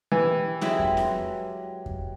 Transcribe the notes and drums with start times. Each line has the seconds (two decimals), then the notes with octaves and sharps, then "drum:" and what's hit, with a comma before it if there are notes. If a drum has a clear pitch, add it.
0.12 E3 G4 B4
0.61 F#3 G#3 E4 G4 F5 G5, drum: snare C4
0.79 drum: kick F2
0.97 drum: snare C4
1.86 drum: kick F2